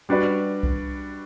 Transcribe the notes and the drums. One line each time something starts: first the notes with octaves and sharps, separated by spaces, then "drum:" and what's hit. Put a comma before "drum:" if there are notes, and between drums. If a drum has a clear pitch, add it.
G3 D4 F#4 B4 D5
drum: kick C2